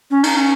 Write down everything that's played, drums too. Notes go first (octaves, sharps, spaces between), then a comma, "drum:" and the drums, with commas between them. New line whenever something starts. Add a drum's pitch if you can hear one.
C#4
D#4, drum: cymbal
C#4